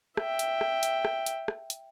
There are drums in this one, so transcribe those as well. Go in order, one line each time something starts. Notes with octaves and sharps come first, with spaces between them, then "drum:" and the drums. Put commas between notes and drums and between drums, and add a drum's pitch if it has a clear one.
E5 G5, drum: rim click
drum: hi-hat
drum: rim click
drum: hi-hat
drum: rim click
drum: hi-hat
drum: rim click
drum: hi-hat